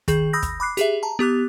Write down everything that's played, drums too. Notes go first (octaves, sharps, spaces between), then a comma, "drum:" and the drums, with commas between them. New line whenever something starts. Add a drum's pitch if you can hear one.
D#3 G#4 G6, drum: kick, hi-hat
B5 D#6 E6 G6 A#6
drum: kick, hi-hat
B5 D6 F#6 C7
G4 G#4 E5, drum: hi-hat
A5 A#5
B3 G4 D6 F#6